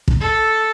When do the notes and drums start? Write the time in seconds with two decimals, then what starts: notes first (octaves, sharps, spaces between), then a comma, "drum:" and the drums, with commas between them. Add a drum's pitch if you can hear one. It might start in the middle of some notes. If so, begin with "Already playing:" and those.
0.08 drum: kick
0.20 A4